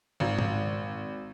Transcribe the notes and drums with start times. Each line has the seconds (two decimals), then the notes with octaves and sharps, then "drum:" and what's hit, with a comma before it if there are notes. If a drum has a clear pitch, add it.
0.20 G#1
0.39 drum: tom